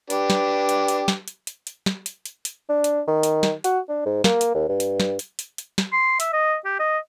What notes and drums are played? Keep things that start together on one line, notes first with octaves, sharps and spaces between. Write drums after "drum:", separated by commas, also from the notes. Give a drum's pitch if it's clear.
D4 G4 B4, drum: hi-hat
drum: snare
drum: hi-hat
drum: hi-hat
drum: snare
drum: hi-hat
drum: hi-hat
drum: hi-hat
drum: snare
drum: hi-hat
drum: hi-hat
drum: hi-hat
D4
drum: hi-hat
D#3
drum: hi-hat
drum: snare
F#4, drum: hi-hat
D4
G#2
A#3, drum: snare
drum: hi-hat
D#2
G2
drum: hi-hat
drum: snare
drum: hi-hat
drum: hi-hat
drum: hi-hat
drum: snare
C6
E5, drum: hi-hat
D#5
G4
D#5